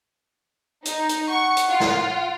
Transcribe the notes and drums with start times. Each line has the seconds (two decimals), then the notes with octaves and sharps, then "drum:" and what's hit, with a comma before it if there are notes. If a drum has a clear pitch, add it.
0.85 D#4, drum: hi-hat
1.09 drum: hi-hat
1.29 F#5 C#6
1.57 drum: hi-hat
1.70 F4
1.80 drum: snare